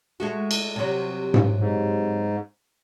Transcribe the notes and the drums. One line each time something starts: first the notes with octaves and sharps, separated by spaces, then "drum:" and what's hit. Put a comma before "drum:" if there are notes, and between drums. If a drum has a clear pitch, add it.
G#3 A3 F#4
drum: cymbal
C3 F#3
drum: tom G#2
G#2